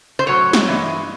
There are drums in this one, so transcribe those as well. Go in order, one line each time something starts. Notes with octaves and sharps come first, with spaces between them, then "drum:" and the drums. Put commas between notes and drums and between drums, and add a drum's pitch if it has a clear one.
C5
A2 F#3 C#5
drum: snare
G2 E3 G#3